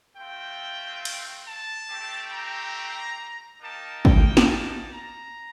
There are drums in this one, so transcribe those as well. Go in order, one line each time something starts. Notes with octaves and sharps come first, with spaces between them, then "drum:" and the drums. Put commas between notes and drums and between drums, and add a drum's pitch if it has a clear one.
A3 C4 F4 G5
drum: cymbal
A5
A3 C4 G4
A#5
A#3 D#4 G4 A5
G5, drum: kick
drum: snare
A5
A#5